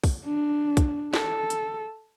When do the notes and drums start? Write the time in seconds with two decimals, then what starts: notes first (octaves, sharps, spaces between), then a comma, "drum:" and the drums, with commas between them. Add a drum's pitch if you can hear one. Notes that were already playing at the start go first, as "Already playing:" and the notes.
0.04 drum: kick, open hi-hat
0.24 D4
0.77 drum: kick, hi-hat
1.14 A4, drum: snare
1.50 drum: hi-hat